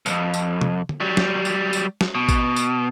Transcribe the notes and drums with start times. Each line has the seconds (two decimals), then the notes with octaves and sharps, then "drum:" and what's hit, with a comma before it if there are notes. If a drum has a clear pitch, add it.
0.06 B1 F2, drum: tambourine
0.34 drum: tambourine
0.61 drum: tom
0.89 drum: tom D3
1.01 F#3 G3
1.17 drum: snare
1.45 drum: tambourine
1.73 drum: tambourine
2.01 drum: snare
2.15 B2
2.29 drum: kick A1, tambourine
2.56 drum: tambourine